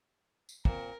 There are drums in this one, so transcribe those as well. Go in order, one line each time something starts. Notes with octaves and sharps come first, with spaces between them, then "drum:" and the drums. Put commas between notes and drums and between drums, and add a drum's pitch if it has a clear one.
drum: tambourine
A#2 C4 A#4, drum: kick